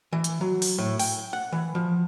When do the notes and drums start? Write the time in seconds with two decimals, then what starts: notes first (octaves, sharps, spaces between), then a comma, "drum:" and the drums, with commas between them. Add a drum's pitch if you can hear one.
0.12 E3
0.24 drum: hi-hat
0.41 F#3
0.62 drum: open hi-hat
0.78 A2
0.99 G5, drum: open hi-hat
1.33 F#5
1.52 E3
1.75 F3